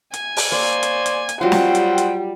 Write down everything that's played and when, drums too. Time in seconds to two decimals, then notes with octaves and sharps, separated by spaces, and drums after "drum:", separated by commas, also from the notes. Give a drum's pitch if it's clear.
0.14 G#5, drum: hi-hat
0.37 drum: open hi-hat
0.52 A#3 C5 D5
0.83 drum: hi-hat
1.06 drum: hi-hat
1.29 drum: hi-hat
1.41 F#3 G3 F4 C5 F#5 G5
1.52 drum: snare
1.75 drum: hi-hat
1.98 drum: hi-hat